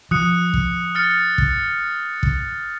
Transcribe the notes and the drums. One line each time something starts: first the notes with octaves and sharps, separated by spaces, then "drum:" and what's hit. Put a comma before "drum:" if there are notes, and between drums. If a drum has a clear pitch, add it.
F3 D#6 F#6 C#7
drum: kick
F6 A6 C#7
drum: kick
drum: kick